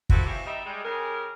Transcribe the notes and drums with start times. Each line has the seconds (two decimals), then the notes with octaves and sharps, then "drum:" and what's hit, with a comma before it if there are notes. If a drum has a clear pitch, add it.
0.09 F3 A#3 C4 E4 F#4 A4, drum: kick
0.25 E2 F3 F#4 G4 E5
0.45 G3 D#4 E5
0.65 G3 G#3
0.83 C#3 G4 G#4 A#4